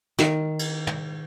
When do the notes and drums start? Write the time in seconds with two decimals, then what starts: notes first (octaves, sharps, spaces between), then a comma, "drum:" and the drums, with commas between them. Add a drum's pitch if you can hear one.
0.19 D#3, drum: snare
0.59 drum: cymbal
0.87 drum: tom